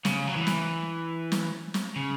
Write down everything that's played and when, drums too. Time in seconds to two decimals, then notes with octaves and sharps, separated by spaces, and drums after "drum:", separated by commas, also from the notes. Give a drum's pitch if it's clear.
0.05 C#3, drum: snare
0.27 F#3
0.36 E3
0.47 drum: snare
1.32 drum: snare
1.74 drum: snare
1.96 C#3